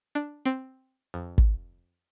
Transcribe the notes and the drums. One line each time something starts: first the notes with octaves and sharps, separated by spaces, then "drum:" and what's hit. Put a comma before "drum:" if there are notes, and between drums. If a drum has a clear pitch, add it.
D4
C4
F2
drum: kick